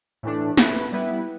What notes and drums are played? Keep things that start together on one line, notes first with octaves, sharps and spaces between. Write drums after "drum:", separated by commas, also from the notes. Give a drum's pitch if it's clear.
A2 E3 A3 D4
A3 E4 B4, drum: snare
G3 B3 E4 B4